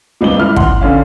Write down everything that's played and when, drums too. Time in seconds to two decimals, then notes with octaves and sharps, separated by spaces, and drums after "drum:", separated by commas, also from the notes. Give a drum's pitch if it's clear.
0.21 D#1 C#2 B3 D#4 G7
0.37 E4 F6
0.56 F#5 C6, drum: kick
0.81 D3 C#4 F5